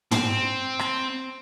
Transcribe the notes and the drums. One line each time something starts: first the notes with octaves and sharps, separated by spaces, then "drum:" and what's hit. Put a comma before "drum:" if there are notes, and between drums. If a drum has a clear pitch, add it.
C4, drum: tom
drum: rim click